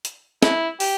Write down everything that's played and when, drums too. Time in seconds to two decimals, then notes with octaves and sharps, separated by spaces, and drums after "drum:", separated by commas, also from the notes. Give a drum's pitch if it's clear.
0.05 drum: hi-hat
0.42 E4, drum: snare
0.80 G4, drum: open hi-hat